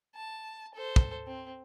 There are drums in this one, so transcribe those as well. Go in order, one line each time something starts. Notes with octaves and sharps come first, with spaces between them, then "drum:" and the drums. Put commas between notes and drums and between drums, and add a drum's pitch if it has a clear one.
A5
A4 C5
drum: kick
C4